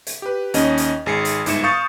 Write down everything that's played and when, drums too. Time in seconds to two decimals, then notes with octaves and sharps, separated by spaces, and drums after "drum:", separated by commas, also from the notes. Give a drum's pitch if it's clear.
0.07 drum: hi-hat
0.22 G4 B4
0.54 D#2 C#4 D#5, drum: hi-hat
0.78 drum: hi-hat
1.06 G#1 G#4 C7 C#7
1.25 drum: hi-hat
1.46 G1 G#2 E4 C#7 E7, drum: hi-hat
1.63 F5 C#6 D#6 G6 A6 C#7